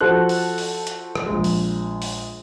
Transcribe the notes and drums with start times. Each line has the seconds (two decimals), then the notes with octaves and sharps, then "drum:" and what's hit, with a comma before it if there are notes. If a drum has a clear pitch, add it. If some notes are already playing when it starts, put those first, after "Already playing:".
0.01 F3 F#4 A4 C5 F#6
0.29 drum: open hi-hat
0.58 drum: open hi-hat
0.87 drum: hi-hat
1.15 drum: rim click
1.26 A#1 G#3
1.44 drum: open hi-hat
2.02 drum: open hi-hat